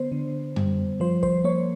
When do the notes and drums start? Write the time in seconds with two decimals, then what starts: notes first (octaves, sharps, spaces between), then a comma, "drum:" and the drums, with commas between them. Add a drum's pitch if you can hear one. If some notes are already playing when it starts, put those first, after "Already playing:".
Already playing: D3 B3 C5
0.12 D3
0.56 G3, drum: tom F#2
1.00 F3 C5
1.23 C5, drum: kick
1.44 A#3 C#5